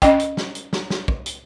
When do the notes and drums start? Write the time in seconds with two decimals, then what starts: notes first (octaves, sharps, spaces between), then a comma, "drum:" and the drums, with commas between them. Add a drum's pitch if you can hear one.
0.02 C#4 D#5 G5, drum: kick, hi-hat
0.20 drum: hi-hat
0.37 drum: snare
0.55 drum: hi-hat
0.73 drum: snare
0.90 drum: snare
1.08 drum: kick
1.26 drum: hi-hat